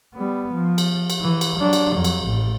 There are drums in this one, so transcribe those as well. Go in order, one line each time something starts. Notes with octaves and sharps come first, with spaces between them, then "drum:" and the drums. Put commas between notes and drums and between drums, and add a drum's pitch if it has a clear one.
G3 B3
F3
drum: cymbal
drum: cymbal
E3
drum: cymbal
F#3 D4
drum: cymbal
F2 F#3
drum: cymbal
A1 A2